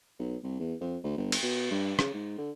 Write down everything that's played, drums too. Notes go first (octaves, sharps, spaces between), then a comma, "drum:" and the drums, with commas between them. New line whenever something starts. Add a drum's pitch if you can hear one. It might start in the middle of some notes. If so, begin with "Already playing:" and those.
B1
C2
E2
F2
D2
G1
drum: cymbal
B2
G2
C#3, drum: rim click
G#2
D3